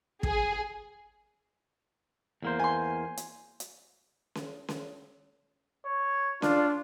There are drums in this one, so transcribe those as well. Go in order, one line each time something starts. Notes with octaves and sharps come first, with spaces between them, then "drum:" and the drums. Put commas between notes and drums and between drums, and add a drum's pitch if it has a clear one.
G#4, drum: kick
E2 A#3 C5
G#5 C6
drum: hi-hat
drum: hi-hat
drum: snare C#4
drum: snare C#4
C#5
D4 F4, drum: snare C#4